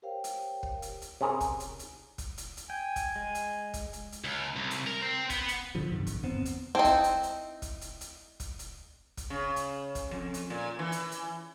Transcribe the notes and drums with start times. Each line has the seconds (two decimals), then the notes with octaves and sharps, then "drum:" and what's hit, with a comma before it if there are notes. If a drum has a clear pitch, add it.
0.02 G4 A#4 C5 C#5 F5 G5
0.24 drum: hi-hat
0.63 drum: kick
0.82 drum: hi-hat
1.02 drum: hi-hat
1.21 C3 C#4 G#4 A#4
1.40 drum: kick, hi-hat
1.60 drum: hi-hat
1.79 drum: hi-hat
2.18 drum: kick, hi-hat
2.38 drum: hi-hat
2.57 drum: hi-hat
2.70 G5 G#5
2.96 drum: kick, hi-hat
3.16 G#3
3.35 drum: hi-hat
3.74 drum: kick, hi-hat
3.93 drum: hi-hat
4.12 drum: hi-hat
4.24 C#2
4.56 C2
4.71 drum: hi-hat
4.86 A#4
5.01 C4
5.30 B3, drum: kick, hi-hat
5.48 drum: hi-hat
5.75 G#2 B2 D3 F3
5.92 F#2 C3 D#3
6.07 G#2, drum: kick, hi-hat
6.22 G1 E2 B3 C4
6.45 drum: hi-hat
6.75 C4 D#4 E4 G5 A5
6.84 drum: kick, hi-hat
7.04 drum: hi-hat
7.23 drum: hi-hat
7.62 drum: kick, hi-hat
7.81 drum: hi-hat
8.01 drum: hi-hat
8.40 drum: kick, hi-hat
8.59 drum: hi-hat
9.17 drum: kick, hi-hat
9.30 C#3
9.56 drum: hi-hat
9.95 drum: kick, hi-hat
10.11 F2
10.34 drum: hi-hat
10.50 A#2
10.79 E3
10.92 drum: hi-hat
11.12 drum: hi-hat